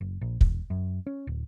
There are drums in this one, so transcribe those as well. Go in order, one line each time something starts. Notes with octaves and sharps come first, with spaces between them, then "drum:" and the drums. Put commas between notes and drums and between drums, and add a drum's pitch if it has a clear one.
F#1
A#1
E1, drum: kick
F#2
C#4
D1